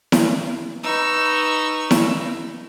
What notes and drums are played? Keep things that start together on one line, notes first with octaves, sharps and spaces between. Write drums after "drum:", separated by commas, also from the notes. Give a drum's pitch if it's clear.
drum: snare E4
D#4 B4 C#6 E6
drum: snare E4